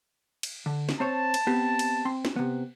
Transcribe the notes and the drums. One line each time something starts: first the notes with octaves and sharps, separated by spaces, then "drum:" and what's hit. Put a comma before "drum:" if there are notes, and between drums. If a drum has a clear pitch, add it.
drum: cymbal
D3
drum: snare
C4 C5 C#5 A5
drum: cymbal
B3 C4 G4
drum: cymbal
C4 C6
drum: snare
C3 B3